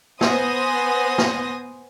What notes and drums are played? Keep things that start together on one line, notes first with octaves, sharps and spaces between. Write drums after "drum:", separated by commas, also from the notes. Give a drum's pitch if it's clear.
B3 C5 G#5 C6 D#6 A#6, drum: snare
drum: snare